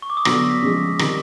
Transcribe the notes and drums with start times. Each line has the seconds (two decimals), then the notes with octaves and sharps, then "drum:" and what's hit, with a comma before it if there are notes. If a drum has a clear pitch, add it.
0.02 C#6
0.10 D6
0.17 D#6
0.25 D3 F#3 B3 E6, drum: rim click
0.38 A#6
0.50 B6
0.62 C#3 F3 G#3 B6
0.99 D#3 G3 C4, drum: rim click